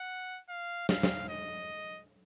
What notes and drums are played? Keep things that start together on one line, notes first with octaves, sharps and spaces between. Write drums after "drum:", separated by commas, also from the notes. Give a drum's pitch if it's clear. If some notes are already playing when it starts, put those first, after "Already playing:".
Already playing: F#5
F5
F5, drum: snare
drum: snare
D#5